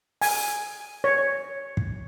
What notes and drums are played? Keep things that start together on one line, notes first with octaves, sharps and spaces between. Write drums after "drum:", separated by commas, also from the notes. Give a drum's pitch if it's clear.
G#5, drum: open hi-hat
C#5
drum: kick